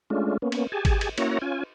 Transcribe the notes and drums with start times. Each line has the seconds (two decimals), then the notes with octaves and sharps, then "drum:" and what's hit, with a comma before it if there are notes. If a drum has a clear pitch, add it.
0.10 G#3 A3 C#4 D4 F4
0.42 A#3 B3 C#4
0.52 drum: cymbal
0.72 G4 G#4 G#5 A5
0.85 drum: kick G#1, cymbal
1.01 drum: cymbal
1.18 A#3 C#4 E4 F#4 C#5 A#5, drum: cymbal
1.42 C#4 F4 G#5